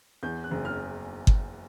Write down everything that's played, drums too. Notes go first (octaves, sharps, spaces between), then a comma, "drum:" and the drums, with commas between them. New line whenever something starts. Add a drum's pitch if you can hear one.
E2 G6
F#6
F#1
F6
drum: kick G1